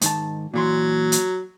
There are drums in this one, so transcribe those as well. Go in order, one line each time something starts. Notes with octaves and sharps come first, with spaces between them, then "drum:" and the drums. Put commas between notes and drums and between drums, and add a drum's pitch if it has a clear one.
G#2 D#3 A5, drum: hi-hat
A#2 E3 F#3 C6
drum: hi-hat